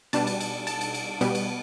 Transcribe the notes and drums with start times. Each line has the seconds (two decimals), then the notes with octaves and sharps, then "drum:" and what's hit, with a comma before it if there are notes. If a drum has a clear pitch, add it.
0.13 B2 G3 D4 A5, drum: cymbal
0.27 drum: cymbal
0.40 drum: cymbal
0.67 A5, drum: cymbal
0.81 drum: cymbal
0.94 drum: cymbal
1.21 B2 G3 B3, drum: cymbal
1.35 drum: cymbal